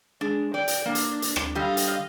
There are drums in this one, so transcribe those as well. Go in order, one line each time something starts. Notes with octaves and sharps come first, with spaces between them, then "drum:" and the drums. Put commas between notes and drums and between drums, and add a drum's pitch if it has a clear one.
G#3 D4
D5 G5
drum: hi-hat
A#3 D4
drum: hi-hat
drum: hi-hat
drum: rim click
D3 G3 G4 D#5 F5
drum: hi-hat